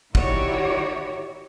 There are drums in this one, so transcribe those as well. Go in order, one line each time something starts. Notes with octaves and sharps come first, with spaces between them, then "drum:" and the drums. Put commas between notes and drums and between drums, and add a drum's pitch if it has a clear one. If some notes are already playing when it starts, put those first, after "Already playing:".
D#3 E4 F#4 G4 C#5 D5, drum: kick